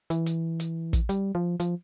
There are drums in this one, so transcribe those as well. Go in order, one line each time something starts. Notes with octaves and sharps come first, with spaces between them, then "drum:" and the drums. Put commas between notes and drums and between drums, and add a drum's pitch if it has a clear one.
E3, drum: hi-hat
drum: hi-hat
drum: hi-hat
drum: kick, hi-hat
G3, drum: hi-hat
F3
F3, drum: hi-hat